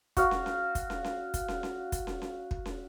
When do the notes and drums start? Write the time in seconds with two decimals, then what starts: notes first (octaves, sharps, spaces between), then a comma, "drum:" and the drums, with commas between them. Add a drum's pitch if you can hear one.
0.17 F#4 F5, drum: kick, hi-hat
0.31 drum: snare
0.46 drum: snare
0.75 drum: kick, hi-hat
0.90 drum: snare
1.04 drum: snare
1.34 drum: kick, hi-hat
1.48 drum: snare
1.63 drum: snare
1.92 drum: kick, hi-hat
2.07 drum: snare
2.22 drum: snare
2.51 drum: kick
2.66 drum: snare